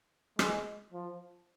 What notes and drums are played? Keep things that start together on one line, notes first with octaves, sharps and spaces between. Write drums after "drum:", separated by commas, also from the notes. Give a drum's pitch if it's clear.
G#3, drum: rim click
F3